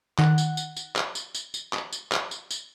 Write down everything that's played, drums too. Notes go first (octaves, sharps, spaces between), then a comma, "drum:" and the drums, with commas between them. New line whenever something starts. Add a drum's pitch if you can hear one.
D#3 F#5, drum: clap
drum: tambourine
drum: tambourine
drum: tambourine
drum: clap
drum: tambourine
drum: tambourine
drum: tambourine
drum: clap
drum: tambourine
drum: clap
drum: tambourine
drum: tambourine